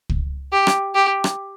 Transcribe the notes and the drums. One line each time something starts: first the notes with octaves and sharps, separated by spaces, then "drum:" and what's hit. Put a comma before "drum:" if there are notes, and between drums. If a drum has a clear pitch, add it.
drum: kick
G4
drum: rim click
G4
drum: rim click